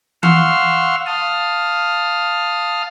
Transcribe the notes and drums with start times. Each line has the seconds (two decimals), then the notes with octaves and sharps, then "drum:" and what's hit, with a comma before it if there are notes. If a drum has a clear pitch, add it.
0.23 F5 F#5 C6 C#6 E6 F6, drum: tom E3
1.06 F5 A5 D#6 F6